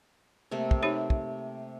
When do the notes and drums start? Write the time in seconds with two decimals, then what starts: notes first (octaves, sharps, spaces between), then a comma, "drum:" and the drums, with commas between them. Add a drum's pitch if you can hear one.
0.51 C3 A3 A#3
0.71 drum: kick
0.83 D#4 G4 C#5
1.10 drum: kick